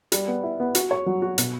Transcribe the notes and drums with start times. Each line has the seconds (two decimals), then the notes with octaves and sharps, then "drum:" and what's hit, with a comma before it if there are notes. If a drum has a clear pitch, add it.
0.12 G3, drum: hi-hat
0.28 B3
0.44 E4
0.60 B3
0.75 F#4, drum: hi-hat
0.91 C#5
1.06 F#3
1.22 F#4
1.38 B2, drum: hi-hat